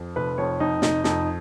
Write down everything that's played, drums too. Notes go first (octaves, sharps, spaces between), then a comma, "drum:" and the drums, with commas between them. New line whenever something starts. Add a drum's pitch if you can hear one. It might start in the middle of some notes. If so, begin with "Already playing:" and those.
Already playing: F2
F1 B4
F2 C#5
F2 D#4
F1 D#4, drum: snare
F2 D#4, drum: snare